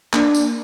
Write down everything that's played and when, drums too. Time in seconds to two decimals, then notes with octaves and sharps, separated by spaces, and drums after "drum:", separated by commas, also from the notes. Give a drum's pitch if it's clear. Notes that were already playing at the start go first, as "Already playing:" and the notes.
0.13 A#3 D4, drum: clap
0.35 drum: tambourine